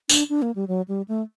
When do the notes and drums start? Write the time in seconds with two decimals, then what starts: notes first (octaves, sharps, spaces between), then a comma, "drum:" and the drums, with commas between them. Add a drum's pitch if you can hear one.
0.09 D4, drum: tambourine
0.30 D4
0.42 A#3
0.55 G3
0.68 F#3
0.88 G3
1.08 A3